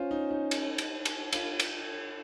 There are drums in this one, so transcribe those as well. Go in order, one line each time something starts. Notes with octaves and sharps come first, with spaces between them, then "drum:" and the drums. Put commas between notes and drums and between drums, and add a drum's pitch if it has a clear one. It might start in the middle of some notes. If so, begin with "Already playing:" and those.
Already playing: C#4 F4 C5
D#4
D#4
drum: cymbal
drum: cymbal
drum: cymbal
F4, drum: cymbal
drum: cymbal